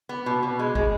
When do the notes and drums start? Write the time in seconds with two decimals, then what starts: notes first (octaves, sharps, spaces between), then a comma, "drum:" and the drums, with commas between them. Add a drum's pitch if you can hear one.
0.09 B3
0.26 B2
0.43 B2
0.59 G#3
0.75 G#3, drum: kick